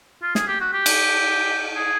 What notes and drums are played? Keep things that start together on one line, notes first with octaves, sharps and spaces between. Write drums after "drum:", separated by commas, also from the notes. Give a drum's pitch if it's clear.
F4
G#4, drum: snare
G4
F#4
G4
drum: cymbal
G#4